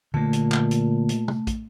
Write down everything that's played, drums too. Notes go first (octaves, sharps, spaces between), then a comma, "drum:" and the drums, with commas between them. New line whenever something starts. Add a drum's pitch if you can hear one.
A#2 D3 A3 A#3
drum: hi-hat
drum: clap
drum: hi-hat
drum: hi-hat
drum: tom
drum: kick, hi-hat